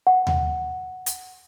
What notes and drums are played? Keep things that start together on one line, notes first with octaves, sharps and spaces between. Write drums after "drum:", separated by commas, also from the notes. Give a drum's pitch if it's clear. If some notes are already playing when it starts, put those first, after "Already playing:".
F#5
drum: tom D#2
drum: hi-hat